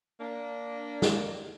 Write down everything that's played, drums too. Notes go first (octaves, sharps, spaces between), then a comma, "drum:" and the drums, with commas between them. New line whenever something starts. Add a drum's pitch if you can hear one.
A#3 D4
drum: snare